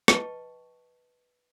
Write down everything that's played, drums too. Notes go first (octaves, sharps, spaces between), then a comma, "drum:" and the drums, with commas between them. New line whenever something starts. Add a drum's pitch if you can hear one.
B4 D#5 G5 A5 C#6, drum: rim click